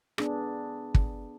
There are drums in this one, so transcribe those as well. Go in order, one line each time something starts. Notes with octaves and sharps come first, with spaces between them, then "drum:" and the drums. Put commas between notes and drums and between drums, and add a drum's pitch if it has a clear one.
B3 D4 G#4, drum: rim click
drum: kick